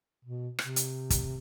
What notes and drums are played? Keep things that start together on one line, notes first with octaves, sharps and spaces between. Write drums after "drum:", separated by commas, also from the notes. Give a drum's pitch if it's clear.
B2
C3, drum: rim click
drum: hi-hat
drum: kick, hi-hat